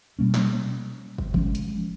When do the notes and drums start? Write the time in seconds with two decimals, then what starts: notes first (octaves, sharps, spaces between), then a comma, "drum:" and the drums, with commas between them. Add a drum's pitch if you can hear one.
0.19 B2 G3 A#3 C#4
0.34 drum: snare
1.18 drum: kick
1.34 F3 G#3 C#4, drum: kick
1.55 drum: hi-hat